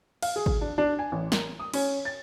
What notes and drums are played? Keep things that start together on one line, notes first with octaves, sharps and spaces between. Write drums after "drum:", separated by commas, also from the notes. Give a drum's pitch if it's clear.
F5, drum: cymbal
G#4
drum: kick G#1
D4
D4
G#5
A1
A#4, drum: snare
D#6
C#4, drum: cymbal
A6